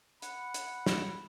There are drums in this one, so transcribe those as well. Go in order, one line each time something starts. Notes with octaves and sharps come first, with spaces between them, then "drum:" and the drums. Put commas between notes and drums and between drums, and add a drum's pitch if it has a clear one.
F#5 B5, drum: hi-hat
drum: hi-hat
drum: snare